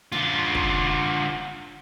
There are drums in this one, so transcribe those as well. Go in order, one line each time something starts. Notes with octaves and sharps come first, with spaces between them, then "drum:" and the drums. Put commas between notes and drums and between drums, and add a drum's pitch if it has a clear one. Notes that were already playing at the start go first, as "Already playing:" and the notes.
D3 F4, drum: snare
drum: kick